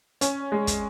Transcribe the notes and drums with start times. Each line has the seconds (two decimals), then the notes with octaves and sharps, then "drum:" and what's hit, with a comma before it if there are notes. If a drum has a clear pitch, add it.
0.21 C#4, drum: hi-hat
0.52 G#3
0.67 drum: kick, hi-hat